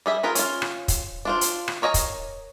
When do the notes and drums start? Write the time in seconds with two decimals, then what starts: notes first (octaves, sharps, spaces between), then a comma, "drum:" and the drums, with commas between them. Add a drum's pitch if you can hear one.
0.06 G3 G#4 E5
0.23 F4 G#4 A#4 B4
0.35 C#4 F4, drum: hi-hat
0.62 drum: rim click
0.88 drum: kick, hi-hat
1.25 D4 F4 C5
1.41 drum: hi-hat
1.68 drum: rim click
1.82 A#4 C#5 D#5 G#5 A#5
1.94 drum: kick, hi-hat